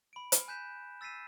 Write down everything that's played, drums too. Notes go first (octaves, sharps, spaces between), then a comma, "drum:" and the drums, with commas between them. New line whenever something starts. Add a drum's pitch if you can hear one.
B5 D7
drum: hi-hat
G#5 F#6 G6 B6 E7
E6 A6 B6 C7 D#7 E7